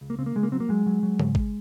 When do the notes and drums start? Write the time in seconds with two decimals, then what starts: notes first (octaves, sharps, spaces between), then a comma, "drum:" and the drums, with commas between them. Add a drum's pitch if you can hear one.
0.01 C#2
0.10 A#3
0.19 C#3 C4
0.26 A#3
0.35 C#3 G#3
0.43 A#3
0.52 F#3 C4
0.60 A#3
0.69 F#3 G#3
0.86 F#3
1.03 F#3
1.20 G#2, drum: tom C#3
1.35 drum: kick